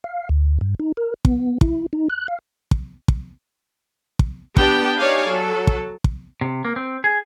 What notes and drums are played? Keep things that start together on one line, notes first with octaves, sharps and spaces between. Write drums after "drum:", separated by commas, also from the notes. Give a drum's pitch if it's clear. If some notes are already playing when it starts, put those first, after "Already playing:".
F5
D2
G2
D#4
A#4
B3, drum: kick
E4, drum: kick
D#4
F#6
F5
drum: kick
drum: kick
drum: kick
B3 D4 G4 G5, drum: kick
D#4 G4 C#5 D5 F5 G#5
F#3 A4
drum: kick
drum: kick
C3
A#3
C4
G#4